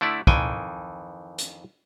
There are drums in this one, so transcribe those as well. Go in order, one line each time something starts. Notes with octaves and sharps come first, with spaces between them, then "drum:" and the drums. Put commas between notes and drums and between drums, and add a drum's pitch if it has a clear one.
D3 A3 E4 D5
F2 D#3 E3 G5 G#5, drum: kick
drum: hi-hat